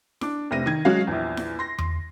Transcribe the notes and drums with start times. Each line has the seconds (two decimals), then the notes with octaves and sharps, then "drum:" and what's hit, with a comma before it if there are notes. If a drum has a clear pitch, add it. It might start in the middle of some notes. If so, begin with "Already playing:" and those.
0.21 D4 D6, drum: snare E4
0.51 F1 C3 A#6 D#7
0.66 D#3 G#6
0.85 F#3 G#3 C#4 F#4 F5
1.07 A#1 E2
1.37 drum: snare E4
1.59 C6 A#6
1.78 drum: tom E2